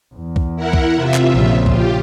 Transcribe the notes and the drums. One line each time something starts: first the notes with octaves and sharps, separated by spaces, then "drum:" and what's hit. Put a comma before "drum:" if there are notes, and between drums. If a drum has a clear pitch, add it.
E2
drum: kick C2
E4 A#4 F#5
drum: kick C2
C3 F4 E5
drum: clap
A#1 C#3
F4 G4, drum: kick C2